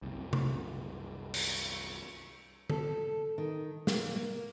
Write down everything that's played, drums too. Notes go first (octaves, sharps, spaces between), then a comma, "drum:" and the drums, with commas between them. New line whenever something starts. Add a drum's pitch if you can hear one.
C2 F#2 C3
drum: tom C3
drum: cymbal
A4, drum: tom D3
D#3
A#3, drum: snare
A#3